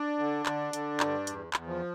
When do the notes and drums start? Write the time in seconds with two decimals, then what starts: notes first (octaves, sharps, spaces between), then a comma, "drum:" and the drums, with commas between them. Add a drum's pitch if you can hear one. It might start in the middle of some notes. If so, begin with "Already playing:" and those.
Already playing: D4
0.19 D3
0.46 D3, drum: clap
0.73 D3, drum: hi-hat
1.00 G2, drum: clap
1.27 E2, drum: hi-hat
1.53 E2, drum: clap
1.67 F3